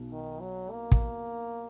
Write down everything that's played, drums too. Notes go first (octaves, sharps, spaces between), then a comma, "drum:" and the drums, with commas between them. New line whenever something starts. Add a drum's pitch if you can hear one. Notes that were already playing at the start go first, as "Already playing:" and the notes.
Already playing: B1 B2 D#4
D#3
F#3
A#3
drum: kick